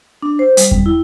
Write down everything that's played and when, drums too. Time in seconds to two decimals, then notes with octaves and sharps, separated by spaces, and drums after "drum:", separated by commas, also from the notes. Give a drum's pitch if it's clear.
0.23 D4
0.39 C5
0.57 G3, drum: hi-hat
0.71 G3, drum: kick E2
0.86 E4